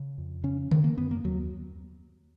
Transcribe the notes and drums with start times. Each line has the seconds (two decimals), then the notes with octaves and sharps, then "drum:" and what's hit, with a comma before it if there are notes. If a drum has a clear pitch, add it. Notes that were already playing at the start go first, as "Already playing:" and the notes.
Already playing: C#3
0.18 F2
0.44 C#3 C#4
0.71 C#3, drum: tom D3
0.84 A#3
0.98 F#2 B3
1.11 A#3
1.24 D#2 F#3